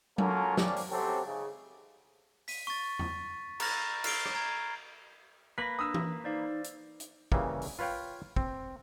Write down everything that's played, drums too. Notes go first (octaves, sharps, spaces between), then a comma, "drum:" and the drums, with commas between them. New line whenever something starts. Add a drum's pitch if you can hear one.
A#3 C#4 F4 F#4 A4 A#4, drum: tom F#3
C3 G3 A#3 C#4 D4, drum: snare
drum: open hi-hat
C3 F#3 C4 C#4 G4 A4
G#2 C#3
B6 D#7, drum: open hi-hat
C#6 A6
drum: tom E2
A#5 B5 F6 A6 A#6, drum: cymbal
F6 C7 D7 G7, drum: cymbal
drum: rim click
A#5 G#6
A#3 B4 B5 A#6 B6
D4 D#6 E6
drum: tom
D#4 C5 D5 F5
drum: hi-hat
drum: hi-hat
C#3 E3 G3 A#3, drum: kick
drum: open hi-hat
F4 B4 C#5 F5 G5
C4, drum: kick